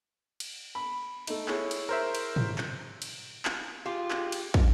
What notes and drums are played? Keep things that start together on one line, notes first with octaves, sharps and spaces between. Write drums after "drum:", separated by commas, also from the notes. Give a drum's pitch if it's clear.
drum: cymbal
B5
A3 D#4, drum: cymbal
E4 G#4 C#5, drum: clap
drum: cymbal
A#4 C5 E5
drum: cymbal
drum: tom
drum: clap
drum: cymbal
drum: clap
F4 G4 G#4
drum: clap
drum: cymbal
drum: kick